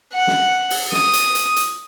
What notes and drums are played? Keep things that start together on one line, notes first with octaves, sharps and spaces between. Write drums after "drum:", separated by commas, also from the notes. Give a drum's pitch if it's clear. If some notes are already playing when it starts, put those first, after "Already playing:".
F#5
drum: snare
drum: open hi-hat
D#6, drum: snare
drum: hi-hat
drum: hi-hat
drum: hi-hat